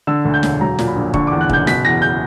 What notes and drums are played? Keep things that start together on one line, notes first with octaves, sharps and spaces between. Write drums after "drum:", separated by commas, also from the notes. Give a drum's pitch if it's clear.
D3 E6
D2
G6
E1, drum: snare
F#3 A#5
A#2, drum: snare
B5
A#1
D3 C#6, drum: kick
E2 D6
F#6
F#1 G6, drum: kick
B2 B6, drum: snare
E2 A#6
G6